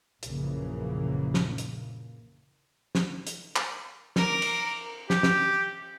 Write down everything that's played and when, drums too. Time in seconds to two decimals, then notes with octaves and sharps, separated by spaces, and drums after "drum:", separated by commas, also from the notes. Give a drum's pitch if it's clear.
0.23 A#1 F#2 C#3 E3 A#3, drum: hi-hat
1.34 drum: snare
1.58 drum: hi-hat
2.95 drum: snare
3.27 drum: hi-hat
3.56 drum: clap
4.16 A#4 D6, drum: snare
4.42 drum: cymbal
5.10 G4, drum: snare
5.23 drum: snare